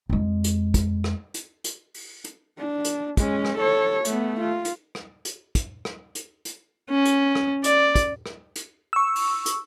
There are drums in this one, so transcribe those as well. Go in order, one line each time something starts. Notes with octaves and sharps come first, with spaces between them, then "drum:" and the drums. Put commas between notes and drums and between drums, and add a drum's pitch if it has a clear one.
F2 G#3
drum: hi-hat
drum: kick, hi-hat
drum: rim click
drum: hi-hat
drum: hi-hat
drum: open hi-hat
drum: hi-hat
D4
drum: hi-hat
G#3 C#4, drum: kick, hi-hat
drum: rim click
A4 C#5
A3 B3, drum: hi-hat
F4
drum: hi-hat
drum: rim click
drum: hi-hat
drum: kick, hi-hat
drum: rim click
drum: hi-hat
drum: hi-hat
C#4
drum: hi-hat
drum: rim click
D5, drum: hi-hat
drum: kick, hi-hat
drum: rim click
drum: hi-hat
C#6 E6
drum: open hi-hat
drum: hi-hat